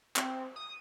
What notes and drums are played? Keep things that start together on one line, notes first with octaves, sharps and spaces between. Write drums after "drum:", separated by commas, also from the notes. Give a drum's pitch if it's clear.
C4, drum: clap
D#6